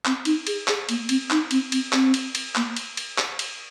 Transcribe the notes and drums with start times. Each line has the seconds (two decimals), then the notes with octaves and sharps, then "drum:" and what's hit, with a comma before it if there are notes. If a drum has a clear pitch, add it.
0.05 C4, drum: clap
0.25 D#4, drum: cymbal
0.47 G#4, drum: cymbal
0.68 G#4, drum: clap
0.89 A#3, drum: cymbal
1.09 C4, drum: cymbal
1.31 D#4, drum: clap
1.51 C4, drum: cymbal
1.72 C4, drum: cymbal
1.93 C4, drum: clap
2.14 drum: cymbal
2.35 drum: cymbal
2.56 A#3, drum: clap
2.76 drum: cymbal
2.97 drum: cymbal
3.18 drum: clap
3.39 drum: cymbal